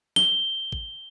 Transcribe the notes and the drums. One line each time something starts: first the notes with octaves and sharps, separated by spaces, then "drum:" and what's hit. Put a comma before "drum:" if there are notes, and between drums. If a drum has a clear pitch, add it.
G7, drum: snare
drum: kick